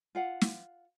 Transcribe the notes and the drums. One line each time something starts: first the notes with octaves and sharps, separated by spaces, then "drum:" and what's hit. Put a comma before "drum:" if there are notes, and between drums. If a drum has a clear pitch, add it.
F4 F5 F#5
drum: snare